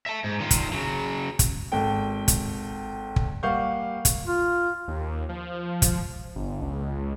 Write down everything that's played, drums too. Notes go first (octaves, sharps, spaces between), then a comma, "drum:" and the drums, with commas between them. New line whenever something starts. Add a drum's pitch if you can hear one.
E5 A5
G#2
D#3 F4
drum: kick, hi-hat
C#3 F#3
drum: kick, hi-hat
G#1 A4 G5
drum: kick, hi-hat
drum: kick
G3 A#3 F5 F#5 C#6 G6
drum: kick, hi-hat
F4
D#2
F3
drum: kick, hi-hat
G1
C#2